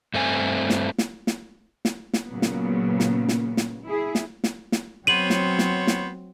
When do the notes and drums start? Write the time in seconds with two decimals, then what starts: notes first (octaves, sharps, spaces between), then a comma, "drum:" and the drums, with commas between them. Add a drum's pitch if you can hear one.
0.14 G2 A3 C4 G#5
0.70 drum: snare
0.98 drum: snare
1.27 drum: snare
1.85 drum: snare
2.14 drum: snare
2.28 A#2 C#3 F#3 A#3 B3
2.42 drum: snare
3.00 drum: snare
3.29 drum: snare
3.57 drum: snare
3.86 E4 G#4
4.15 drum: snare
4.44 drum: snare
4.72 drum: snare
5.07 F#3 B3 C4 C5 C#5 D#7 F#7
5.30 drum: snare
5.59 drum: snare
5.87 drum: snare